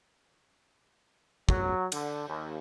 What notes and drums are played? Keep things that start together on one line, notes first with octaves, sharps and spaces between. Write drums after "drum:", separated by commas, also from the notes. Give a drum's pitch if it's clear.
F#3, drum: kick
D3, drum: cymbal
D#2